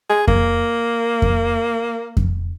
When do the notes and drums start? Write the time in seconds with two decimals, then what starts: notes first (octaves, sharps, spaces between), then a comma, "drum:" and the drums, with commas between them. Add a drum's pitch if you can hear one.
0.10 G#4
0.28 A#3, drum: kick F2
1.22 drum: kick F2
2.17 drum: kick F2